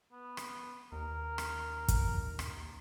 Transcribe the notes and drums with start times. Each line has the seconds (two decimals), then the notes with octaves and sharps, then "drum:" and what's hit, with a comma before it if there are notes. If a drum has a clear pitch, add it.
0.12 B3
0.37 drum: rim click
0.92 D#2 A#4
1.38 drum: rim click
1.88 drum: kick, hi-hat
2.39 drum: rim click